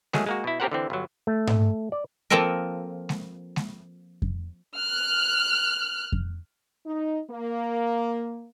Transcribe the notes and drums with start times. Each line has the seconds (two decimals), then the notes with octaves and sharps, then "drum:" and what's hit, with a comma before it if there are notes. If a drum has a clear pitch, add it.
0.13 D#3 F#3 G#3 A3 G#4, drum: snare G#3
0.26 G#3 A#3 F#4
0.44 B2 E4
0.60 C4 C#4 G4 A#4 C5 F#5
0.72 D3 E3 C4
0.90 G1 F#3
1.27 A3
1.47 drum: tom G#2
1.92 D5
2.30 F3 A#3 C4 F4 A4 A#4
3.09 drum: snare G#3
3.56 drum: snare G#3
4.22 drum: kick F2
4.79 F6 F#6
6.12 drum: kick F2
6.86 D#4
7.31 A#3